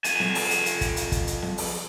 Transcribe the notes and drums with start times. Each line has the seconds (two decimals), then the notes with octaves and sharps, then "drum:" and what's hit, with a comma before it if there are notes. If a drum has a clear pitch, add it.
0.04 F2 G#5, drum: hi-hat
0.20 drum: snare
0.35 drum: open hi-hat
0.50 drum: hi-hat
0.66 drum: hi-hat
0.81 drum: kick, hi-hat
0.96 drum: hi-hat
1.12 drum: kick, hi-hat
1.27 drum: hi-hat
1.42 drum: snare
1.58 drum: open hi-hat